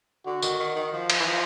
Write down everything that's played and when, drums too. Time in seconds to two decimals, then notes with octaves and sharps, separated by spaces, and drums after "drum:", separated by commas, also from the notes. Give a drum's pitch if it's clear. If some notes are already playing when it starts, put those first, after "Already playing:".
0.26 D3 F#4
0.42 D#3, drum: tambourine
0.59 D#3
0.76 D#3
0.92 F3
1.10 drum: cymbal
1.19 E3
1.26 F3